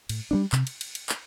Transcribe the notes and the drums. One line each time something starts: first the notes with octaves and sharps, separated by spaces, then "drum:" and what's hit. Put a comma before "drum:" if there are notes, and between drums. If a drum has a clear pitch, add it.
A2, drum: cymbal
G3 A#3 D4
C3, drum: clap
drum: cymbal
drum: cymbal
drum: cymbal
drum: clap